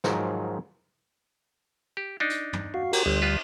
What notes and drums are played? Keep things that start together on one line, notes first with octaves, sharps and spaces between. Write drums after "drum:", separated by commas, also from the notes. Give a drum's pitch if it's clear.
G#2 D#3 F3 F#3, drum: snare
G4
D4 D#4
drum: hi-hat
drum: tom
F#4 F5
F#4 G4 A#4, drum: cymbal
G1 D2 G3
F4 B4